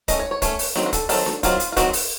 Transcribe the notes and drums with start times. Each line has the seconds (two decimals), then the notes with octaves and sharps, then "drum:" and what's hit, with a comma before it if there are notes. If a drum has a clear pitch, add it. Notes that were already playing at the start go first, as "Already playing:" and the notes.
0.08 A3 C#4 D#5, drum: kick, hi-hat
0.19 C#5
0.31 C#5
0.42 A3 C#4 C#5, drum: kick, hi-hat
0.59 drum: open hi-hat
0.76 D#3 F#3 C4, drum: snare D4
0.86 F#4
0.93 A4, drum: kick, hi-hat
1.09 D#3 F#3 C4 A4, drum: open hi-hat
1.26 drum: snare D4
1.43 D#3 F#3 C4 F4, drum: kick, hi-hat
1.60 drum: hi-hat
1.72 F4
1.77 D#3 F#3 C4 F#4, drum: kick, hi-hat
1.93 drum: open hi-hat